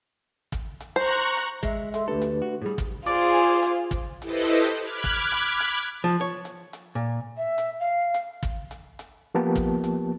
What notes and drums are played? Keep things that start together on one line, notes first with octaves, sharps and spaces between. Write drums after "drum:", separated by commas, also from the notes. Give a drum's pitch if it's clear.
drum: kick, hi-hat
drum: hi-hat
C5 A#5 C#6 F#6
drum: hi-hat
drum: hi-hat
G#3 E5, drum: kick
A4 E5 C6, drum: hi-hat
D2 A3 D4 G4 A4 B4
drum: hi-hat
F#4
A2 G3 G#4
drum: kick, hi-hat
F4 G#4 C5 D5, drum: hi-hat
drum: hi-hat
drum: hi-hat
drum: kick, hi-hat
E4 G4 A4 B4 C5 D#5, drum: hi-hat
B5 D6 F6 F#6 G#6
drum: kick, hi-hat
drum: hi-hat
drum: hi-hat
F3
C#5
drum: hi-hat
drum: hi-hat
A#2
E5
drum: hi-hat
F5
drum: hi-hat
drum: kick, hi-hat
drum: hi-hat
drum: hi-hat
F3 A#3 B3 G4 A5
drum: kick, hi-hat
drum: hi-hat